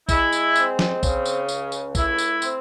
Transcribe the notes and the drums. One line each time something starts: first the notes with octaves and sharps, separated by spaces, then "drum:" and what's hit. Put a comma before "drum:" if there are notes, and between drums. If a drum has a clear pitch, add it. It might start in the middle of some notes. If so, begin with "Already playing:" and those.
G#3 E4, drum: kick, tambourine
drum: tambourine
C4, drum: tambourine
drum: snare
C#3, drum: kick, tambourine
drum: tambourine
C#2, drum: tambourine
drum: tambourine
A3 E4, drum: kick, tambourine
drum: tambourine
C4, drum: tambourine